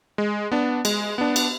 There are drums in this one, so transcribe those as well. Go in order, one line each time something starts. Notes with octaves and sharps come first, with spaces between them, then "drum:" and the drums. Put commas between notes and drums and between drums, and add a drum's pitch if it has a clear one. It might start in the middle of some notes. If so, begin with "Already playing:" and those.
G#3
B3 D4
G#3, drum: cymbal
B3 D4
drum: cymbal